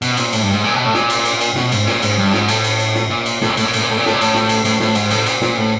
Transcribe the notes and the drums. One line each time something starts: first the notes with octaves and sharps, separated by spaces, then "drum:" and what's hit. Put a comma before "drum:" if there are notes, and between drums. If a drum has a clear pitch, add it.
B2, drum: cymbal
A#2, drum: cymbal
A2, drum: cymbal
G2
G#2
A#2
B2
A2
A#2, drum: snare
drum: cymbal
drum: cymbal
drum: cymbal
B2, drum: snare
G#2, drum: cymbal
A#2, drum: snare
G#2, drum: cymbal
G2
G#2, drum: snare
A2, drum: cymbal
drum: cymbal
drum: cymbal
drum: snare
A#2
drum: cymbal
A2, drum: snare
A#2
A2, drum: cymbal
A#2
A2, drum: cymbal
A#2
A2
A#2
A2, drum: snare
A#2
A2, drum: cymbal
drum: snare
drum: cymbal
A2, drum: cymbal
A2, drum: snare
G#2, drum: cymbal
A2, drum: cymbal
A#2, drum: cymbal
A#2, drum: snare
A2